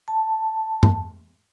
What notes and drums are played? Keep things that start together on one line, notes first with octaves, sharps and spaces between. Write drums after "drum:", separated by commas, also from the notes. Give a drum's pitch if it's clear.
A5
drum: tom G2